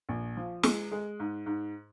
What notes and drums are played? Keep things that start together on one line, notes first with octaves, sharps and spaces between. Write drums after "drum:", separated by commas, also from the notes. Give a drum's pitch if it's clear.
A#1
F3
G#3, drum: snare
G#3
G#2
G#2